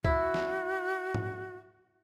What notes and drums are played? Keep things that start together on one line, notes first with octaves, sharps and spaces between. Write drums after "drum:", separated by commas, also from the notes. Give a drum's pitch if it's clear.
E4 F#4, drum: kick C#2
drum: snare
drum: tom G#2